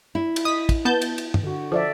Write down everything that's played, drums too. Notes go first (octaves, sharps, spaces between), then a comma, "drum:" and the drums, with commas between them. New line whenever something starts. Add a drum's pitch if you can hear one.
E4
drum: cymbal
D#5 D#6 B6
drum: kick, cymbal
B3 A5 G6
drum: cymbal
drum: cymbal
drum: tom
D3 F#4
F3 A4 D5 E5